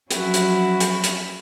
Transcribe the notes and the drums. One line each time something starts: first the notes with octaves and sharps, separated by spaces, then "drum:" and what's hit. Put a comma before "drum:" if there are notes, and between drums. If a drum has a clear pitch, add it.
F3 F#3 C#4 E4 F#4, drum: hi-hat
drum: hi-hat
drum: hi-hat
drum: hi-hat